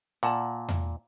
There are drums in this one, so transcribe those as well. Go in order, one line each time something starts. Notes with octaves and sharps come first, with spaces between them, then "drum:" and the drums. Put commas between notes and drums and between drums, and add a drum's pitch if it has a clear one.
A#2 F#5 A5 A#5
drum: tom E2